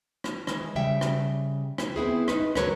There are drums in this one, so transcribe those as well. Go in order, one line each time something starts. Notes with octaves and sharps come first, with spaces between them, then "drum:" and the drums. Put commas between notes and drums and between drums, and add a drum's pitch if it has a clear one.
drum: rim click
E3 G#3, drum: rim click
C#3 G3 E5 G5
drum: rim click
drum: rim click
B3 C4 E4 G#4
D#4 B4, drum: rim click
D2 F#3 F#4 A#4 B4 C#5, drum: rim click